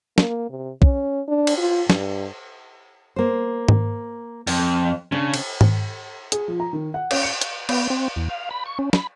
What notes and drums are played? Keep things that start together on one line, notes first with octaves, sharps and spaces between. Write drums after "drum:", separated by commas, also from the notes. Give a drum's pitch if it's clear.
A#3, drum: snare
C3
C#4, drum: kick
D4
drum: cymbal
F4
G2, drum: snare
A#3 C5
drum: tom G#2
F2, drum: open hi-hat
C#3 D4
drum: cymbal
drum: tom G#2
G#4, drum: hi-hat
F3
A#5
D#3
F#5
C#4, drum: cymbal
C#7
drum: hi-hat
B3, drum: cymbal
C4
E2
F5
B5
C#6
C#4
B5, drum: snare